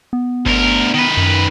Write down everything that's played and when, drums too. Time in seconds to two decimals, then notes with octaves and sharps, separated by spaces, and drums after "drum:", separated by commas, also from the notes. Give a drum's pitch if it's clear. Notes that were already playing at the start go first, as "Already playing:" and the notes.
0.13 B3
0.46 D2 A#4, drum: kick G1
0.94 D#3 B4
1.17 F#2